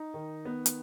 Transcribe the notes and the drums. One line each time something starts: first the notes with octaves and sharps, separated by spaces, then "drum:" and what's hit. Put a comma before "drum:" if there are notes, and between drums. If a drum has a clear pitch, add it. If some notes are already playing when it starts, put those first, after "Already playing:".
Already playing: D#4
D#3
B3
drum: hi-hat